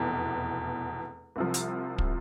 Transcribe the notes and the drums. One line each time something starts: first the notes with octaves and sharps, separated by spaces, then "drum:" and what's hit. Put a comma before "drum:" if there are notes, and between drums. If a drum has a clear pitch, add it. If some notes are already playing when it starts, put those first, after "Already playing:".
Already playing: F1 E2 B2
C2 C3 F3
drum: hi-hat
drum: kick